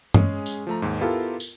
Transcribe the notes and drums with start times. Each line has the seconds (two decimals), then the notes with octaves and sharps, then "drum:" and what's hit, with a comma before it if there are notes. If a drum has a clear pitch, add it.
0.14 G#3 C#4 G#4, drum: tom G2
0.46 drum: tambourine
0.67 F3 A3 A#5
0.82 D#2 G#2
1.01 B3 E4 F4 G4 A4 A#4
1.40 drum: tambourine